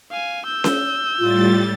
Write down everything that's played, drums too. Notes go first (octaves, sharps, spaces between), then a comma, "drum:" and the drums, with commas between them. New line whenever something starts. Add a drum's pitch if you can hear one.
F5 G#5
E6 G6
drum: snare C#4
A2 G3 F4 A6